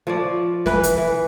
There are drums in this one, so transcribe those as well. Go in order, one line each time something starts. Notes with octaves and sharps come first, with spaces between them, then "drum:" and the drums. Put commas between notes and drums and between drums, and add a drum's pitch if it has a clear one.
F3 C#5 D5
E3 B4, drum: snare
drum: hi-hat
E3